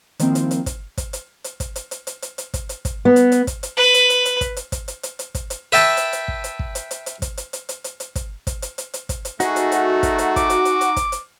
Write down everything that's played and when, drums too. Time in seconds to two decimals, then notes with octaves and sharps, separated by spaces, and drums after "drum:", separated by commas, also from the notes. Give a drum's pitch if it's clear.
0.19 D#3 F3 A#3 C4 E4, drum: hi-hat
0.35 drum: hi-hat
0.51 drum: hi-hat
0.66 drum: kick, hi-hat
0.98 drum: kick, hi-hat
1.13 drum: hi-hat
1.44 drum: hi-hat
1.60 drum: kick, hi-hat
1.76 drum: hi-hat
1.91 drum: hi-hat
2.07 drum: hi-hat
2.22 drum: hi-hat
2.38 drum: hi-hat
2.54 drum: kick, hi-hat
2.69 drum: hi-hat
2.85 drum: kick, hi-hat
3.05 B3
3.16 drum: hi-hat
3.32 drum: hi-hat
3.47 drum: kick, hi-hat
3.63 drum: hi-hat
3.77 B4
3.94 drum: hi-hat
4.10 drum: hi-hat
4.25 drum: hi-hat
4.41 drum: kick, hi-hat
4.57 drum: hi-hat
4.72 drum: kick, hi-hat
4.88 drum: hi-hat
5.03 drum: hi-hat
5.19 drum: hi-hat
5.35 drum: kick, hi-hat
5.50 drum: hi-hat
5.72 B4 E5 G5 A5
5.97 drum: hi-hat
6.13 drum: hi-hat
6.28 drum: kick
6.44 drum: hi-hat
6.59 drum: kick
6.75 drum: hi-hat
6.91 drum: hi-hat
7.06 drum: hi-hat
7.22 drum: kick, hi-hat
7.37 drum: hi-hat
7.53 drum: hi-hat
7.69 drum: hi-hat
7.84 drum: hi-hat
8.00 drum: hi-hat
8.16 drum: kick, hi-hat
8.47 drum: kick, hi-hat
8.62 drum: hi-hat
8.78 drum: hi-hat
8.94 drum: hi-hat
9.09 drum: kick, hi-hat
9.25 drum: hi-hat
9.40 A3 D#4 F#4 G#4, drum: hi-hat
9.56 drum: hi-hat
9.72 drum: hi-hat
10.03 drum: kick, hi-hat
10.18 drum: hi-hat
10.36 D6, drum: kick, hi-hat
10.50 drum: hi-hat
10.65 drum: hi-hat
10.81 drum: hi-hat
10.96 drum: kick, hi-hat
11.12 drum: hi-hat